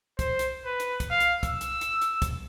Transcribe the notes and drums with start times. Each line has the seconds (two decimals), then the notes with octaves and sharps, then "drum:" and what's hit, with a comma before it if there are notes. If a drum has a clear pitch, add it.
0.19 C5, drum: kick, hi-hat
0.39 drum: hi-hat
0.66 B4
0.80 drum: hi-hat
1.00 drum: kick, hi-hat
1.10 F5
1.20 drum: hi-hat
1.43 E6, drum: kick, hi-hat
1.61 drum: hi-hat
1.81 drum: hi-hat
2.02 drum: hi-hat
2.22 drum: kick, hi-hat